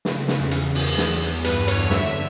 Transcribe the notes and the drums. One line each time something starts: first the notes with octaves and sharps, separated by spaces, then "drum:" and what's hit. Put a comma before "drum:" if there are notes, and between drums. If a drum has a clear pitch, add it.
C#3, drum: snare
drum: snare
E2
drum: hi-hat
E2, drum: open hi-hat
drum: snare
E2
G2 B4, drum: hi-hat
B4
C#5, drum: hi-hat
D3
E5, drum: snare